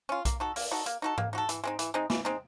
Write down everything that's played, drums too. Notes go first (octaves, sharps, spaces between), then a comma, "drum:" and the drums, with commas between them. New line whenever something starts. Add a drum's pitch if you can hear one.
C#4 F4
A#3, drum: kick B1, hi-hat
D#4 F#4 A4
A#3, drum: open hi-hat
D#4 F#4 A4
A#3, drum: hi-hat
D#4 F#4 A4
A#3, drum: tom G#2
D#4 F#4 A4
E3, drum: hi-hat
G#3 C4 D#4
E3, drum: hi-hat
G#3 C4 D#4
E3, drum: snare
G#3 C4 D#4